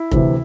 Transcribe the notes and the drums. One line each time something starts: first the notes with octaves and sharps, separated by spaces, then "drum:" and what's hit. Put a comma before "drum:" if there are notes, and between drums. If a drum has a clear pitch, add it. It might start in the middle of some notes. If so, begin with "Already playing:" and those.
Already playing: E4
D2 C3 E3, drum: kick F1